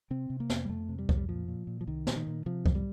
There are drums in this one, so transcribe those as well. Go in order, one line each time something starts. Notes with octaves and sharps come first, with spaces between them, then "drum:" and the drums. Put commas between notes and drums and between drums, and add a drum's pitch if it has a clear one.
C3 C4
C3
A#3
F2, drum: snare
G3
F2 A3
C3
G3
F2, drum: kick C2
G3
A#2 F3
A#2
A#2
F3
C2 D#3
A#2, drum: snare
D#3
A#2
C3 F3
F2, drum: kick C2
G3